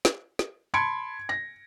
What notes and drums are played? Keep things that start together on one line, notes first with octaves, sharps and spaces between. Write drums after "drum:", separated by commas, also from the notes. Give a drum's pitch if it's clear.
drum: snare
drum: snare
A5 B5 C6 G#6 C#7 D7
A#6